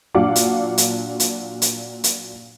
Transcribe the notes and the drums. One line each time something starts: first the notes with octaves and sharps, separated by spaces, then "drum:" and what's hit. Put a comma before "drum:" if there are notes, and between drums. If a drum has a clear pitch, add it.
A#2 F#3 D4 F5 F#5 D6
drum: hi-hat
drum: hi-hat
drum: hi-hat
drum: hi-hat
drum: hi-hat